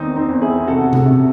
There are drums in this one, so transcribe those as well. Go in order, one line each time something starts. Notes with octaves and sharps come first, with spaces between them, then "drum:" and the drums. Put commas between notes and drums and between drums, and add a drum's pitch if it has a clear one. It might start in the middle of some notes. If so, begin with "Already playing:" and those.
Already playing: E2 D#3 C4 D#4
C4 D#4
E2
E4 G#4
C3 F#4 A4
drum: tom C3
C3